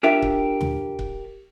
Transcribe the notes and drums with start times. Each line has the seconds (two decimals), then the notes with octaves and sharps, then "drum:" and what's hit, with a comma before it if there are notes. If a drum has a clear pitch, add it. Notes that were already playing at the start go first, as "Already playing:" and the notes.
0.03 D4 F4 G4 A#4 E5
0.22 drum: kick C#1
0.61 drum: tom
0.99 drum: kick C#1